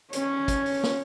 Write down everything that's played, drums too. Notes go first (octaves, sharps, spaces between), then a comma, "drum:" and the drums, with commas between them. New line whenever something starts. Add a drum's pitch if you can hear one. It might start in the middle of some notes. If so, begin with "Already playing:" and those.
C#4 C#5, drum: hi-hat
drum: kick, hi-hat
drum: open hi-hat
drum: snare